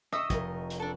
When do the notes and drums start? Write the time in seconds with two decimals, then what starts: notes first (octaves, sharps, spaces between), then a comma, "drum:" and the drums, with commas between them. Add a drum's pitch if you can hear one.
0.13 D#5 E5 C#6 D#6 E6, drum: rim click
0.30 F1 A#4 D#5, drum: kick, hi-hat
0.70 drum: hi-hat
0.80 D4 A4